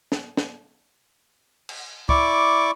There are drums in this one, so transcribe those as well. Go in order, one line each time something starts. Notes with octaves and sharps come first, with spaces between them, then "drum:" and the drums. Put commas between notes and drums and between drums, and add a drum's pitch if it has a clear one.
drum: snare
drum: snare
drum: cymbal
E4 D5 C#6 D6, drum: kick